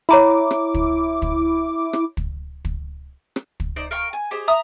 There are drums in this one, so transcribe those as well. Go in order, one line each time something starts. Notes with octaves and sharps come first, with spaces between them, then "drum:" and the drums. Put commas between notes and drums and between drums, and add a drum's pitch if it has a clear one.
E4 C#5 A#5 B5 D6
drum: rim click
drum: kick
drum: kick
drum: rim click
drum: kick
drum: kick
drum: rim click
drum: kick
D#4 C5 D5
A#4 F5 G5 C#6
G#5
G4 G#4 C5 D#5
E5 A#5 D#6